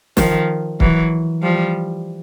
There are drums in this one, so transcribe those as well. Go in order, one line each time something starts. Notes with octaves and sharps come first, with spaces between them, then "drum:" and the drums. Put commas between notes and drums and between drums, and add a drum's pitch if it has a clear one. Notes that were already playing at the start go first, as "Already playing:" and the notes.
D#3 F3, drum: snare
E3 F#3, drum: kick C#1
F3 G3